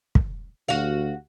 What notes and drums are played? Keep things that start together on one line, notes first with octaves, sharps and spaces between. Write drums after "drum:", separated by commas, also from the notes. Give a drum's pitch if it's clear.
drum: kick
D2 F#4 F5